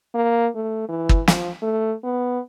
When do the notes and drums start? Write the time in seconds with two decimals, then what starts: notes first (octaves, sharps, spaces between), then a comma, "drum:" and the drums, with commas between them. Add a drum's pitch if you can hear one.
0.15 A#3
0.55 A3
0.89 E3
1.09 drum: kick
1.28 F3, drum: snare
1.62 A3
2.03 B3